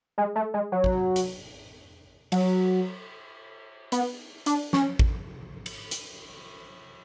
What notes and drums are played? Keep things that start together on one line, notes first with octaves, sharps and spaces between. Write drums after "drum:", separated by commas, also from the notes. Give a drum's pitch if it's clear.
G#3
A3
G#3
F#3
drum: kick A1
drum: hi-hat
F#3, drum: cymbal
B3, drum: hi-hat
D4, drum: hi-hat
C#4, drum: snare
drum: kick A1
drum: cymbal
drum: hi-hat